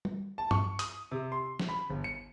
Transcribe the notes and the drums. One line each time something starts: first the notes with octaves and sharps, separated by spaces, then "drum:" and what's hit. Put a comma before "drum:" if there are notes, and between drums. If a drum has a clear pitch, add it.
drum: tom G3
A5
C#6, drum: tom G2
D#6, drum: hi-hat
C3
C6
drum: snare
B5
G1
C#7